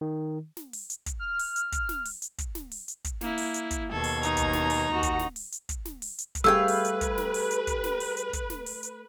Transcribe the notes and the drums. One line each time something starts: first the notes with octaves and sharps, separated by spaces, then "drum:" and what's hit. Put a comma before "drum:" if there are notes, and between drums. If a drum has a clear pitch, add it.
D#3
drum: snare
drum: open hi-hat
drum: hi-hat
drum: kick, hi-hat
F6
drum: open hi-hat
drum: hi-hat
drum: kick, hi-hat
drum: snare
drum: open hi-hat
drum: hi-hat
drum: kick, hi-hat
drum: snare
drum: open hi-hat
drum: hi-hat
drum: kick, hi-hat
A#3 E4, drum: snare
drum: open hi-hat
drum: hi-hat
drum: kick, hi-hat
D#2 B2 A4 G#6
drum: open hi-hat
D#4 A#5, drum: hi-hat
drum: kick, hi-hat
drum: snare
drum: open hi-hat
D#2 F#4 F#5
drum: kick, hi-hat
drum: snare
drum: open hi-hat
drum: hi-hat
drum: kick, hi-hat
drum: snare
drum: open hi-hat
drum: hi-hat
drum: kick, hi-hat
G3 A3 G#4 B4 F5 G5 E6 G#6
drum: open hi-hat
drum: hi-hat
drum: kick, hi-hat
drum: snare
drum: open hi-hat
drum: hi-hat
drum: kick, hi-hat
drum: snare
drum: open hi-hat
drum: hi-hat
drum: kick, hi-hat
drum: snare
drum: open hi-hat
drum: hi-hat